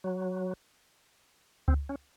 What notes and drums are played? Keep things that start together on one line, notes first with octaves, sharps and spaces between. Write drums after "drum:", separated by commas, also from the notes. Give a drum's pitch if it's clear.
F#3
C4, drum: kick C#2
C#4